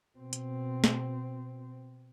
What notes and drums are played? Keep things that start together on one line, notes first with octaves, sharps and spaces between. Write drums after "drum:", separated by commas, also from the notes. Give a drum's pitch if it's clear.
B2 C4
drum: hi-hat
drum: snare